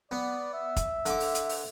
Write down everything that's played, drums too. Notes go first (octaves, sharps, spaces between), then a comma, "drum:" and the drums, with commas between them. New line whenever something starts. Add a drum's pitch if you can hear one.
B3 D5
E5
drum: kick, hi-hat
D3 D6, drum: hi-hat
drum: open hi-hat
drum: hi-hat
drum: open hi-hat